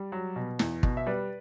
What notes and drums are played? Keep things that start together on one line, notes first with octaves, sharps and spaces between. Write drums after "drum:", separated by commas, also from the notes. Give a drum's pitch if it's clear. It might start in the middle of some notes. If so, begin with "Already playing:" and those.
Already playing: G3
F#3
B2
E2, drum: snare
B2, drum: kick
E5
G3 B4 D5